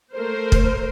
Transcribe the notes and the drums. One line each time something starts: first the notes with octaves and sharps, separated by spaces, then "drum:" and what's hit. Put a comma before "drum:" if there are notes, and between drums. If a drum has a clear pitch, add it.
A3 A#4 C5
drum: kick